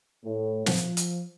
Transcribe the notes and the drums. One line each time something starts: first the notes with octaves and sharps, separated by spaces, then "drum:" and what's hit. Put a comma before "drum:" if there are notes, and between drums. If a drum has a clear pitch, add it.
A2
F3, drum: snare
drum: hi-hat